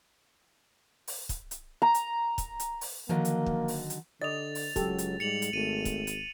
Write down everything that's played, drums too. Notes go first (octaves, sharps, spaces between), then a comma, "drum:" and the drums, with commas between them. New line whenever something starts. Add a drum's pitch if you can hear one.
drum: open hi-hat
drum: kick, hi-hat
drum: hi-hat
A#5
drum: hi-hat
drum: kick, hi-hat
drum: hi-hat
drum: open hi-hat
D3 D#3 F3 F#3 A#3
drum: hi-hat
drum: kick
drum: open hi-hat
drum: hi-hat
D3 D5 D#5 A6 F7
drum: open hi-hat
C#2 F#3 G4 A4, drum: kick, hi-hat
drum: hi-hat
G#2 G3 C#7 F7 F#7
drum: hi-hat
G#1 A3 D#7
drum: kick, hi-hat
drum: hi-hat